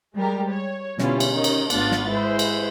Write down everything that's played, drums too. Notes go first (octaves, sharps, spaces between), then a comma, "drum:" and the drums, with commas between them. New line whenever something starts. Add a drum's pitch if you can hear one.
G3 G#3 G4 A#4
C#5
B2 D3 G3 C#4 E4 F4, drum: snare
drum: cymbal
D#3 C#4 D#4
drum: cymbal
G#1 A3 B3 D4 F4 A6, drum: cymbal
drum: snare
G#3 E4 B4 C5
drum: cymbal